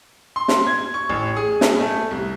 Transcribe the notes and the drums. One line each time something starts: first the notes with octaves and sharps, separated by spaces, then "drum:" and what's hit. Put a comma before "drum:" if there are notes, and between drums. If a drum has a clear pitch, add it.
C6
drum: snare
G#6
C#6
A1
G#4
drum: snare
A3
C2